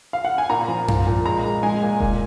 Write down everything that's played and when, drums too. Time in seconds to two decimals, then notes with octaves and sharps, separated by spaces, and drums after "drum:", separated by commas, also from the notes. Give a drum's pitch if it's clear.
0.13 F5
0.25 F#5
0.38 G#5
0.50 A#2 A#5
0.68 F3
0.88 F3, drum: tom F#2
1.07 A#2
1.25 G#3 A#5
1.45 G#3
1.63 G#3 G#5
1.82 A#2
2.00 A#2, drum: kick D#1